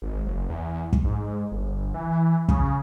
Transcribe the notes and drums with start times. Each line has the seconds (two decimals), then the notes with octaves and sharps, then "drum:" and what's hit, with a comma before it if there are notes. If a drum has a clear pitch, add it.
0.02 G#1
0.26 F#1
0.49 E2
0.93 drum: kick
1.04 G#2
1.51 G1
1.94 E3
2.48 C#3, drum: kick